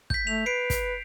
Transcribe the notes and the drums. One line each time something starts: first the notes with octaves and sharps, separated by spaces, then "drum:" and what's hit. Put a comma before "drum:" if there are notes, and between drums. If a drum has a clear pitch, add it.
G6 B6, drum: kick
A3 F7
B4 C7 D7
drum: kick, hi-hat